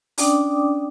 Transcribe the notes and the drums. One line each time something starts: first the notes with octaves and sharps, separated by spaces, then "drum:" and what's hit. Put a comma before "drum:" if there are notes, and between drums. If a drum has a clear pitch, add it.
C#4 D4 D5 G5 D6 D#6, drum: open hi-hat